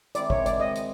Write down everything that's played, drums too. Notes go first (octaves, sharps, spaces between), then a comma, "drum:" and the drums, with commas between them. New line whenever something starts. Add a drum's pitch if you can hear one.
D#3 G#3 C4 E4 D5, drum: hi-hat
C#5, drum: kick
D5, drum: hi-hat
D#5
drum: hi-hat